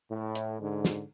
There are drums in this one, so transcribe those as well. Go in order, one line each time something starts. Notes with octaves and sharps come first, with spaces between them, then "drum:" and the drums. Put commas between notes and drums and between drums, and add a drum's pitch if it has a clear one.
A2
drum: hi-hat
G#2 D3
drum: snare